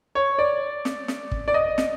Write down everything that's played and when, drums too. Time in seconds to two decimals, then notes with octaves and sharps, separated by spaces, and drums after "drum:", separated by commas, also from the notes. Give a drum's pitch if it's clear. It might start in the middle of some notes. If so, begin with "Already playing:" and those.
0.15 C#5
0.39 D5
0.85 drum: snare
1.08 drum: snare
1.31 drum: kick
1.48 D5
1.54 D#5
1.78 drum: snare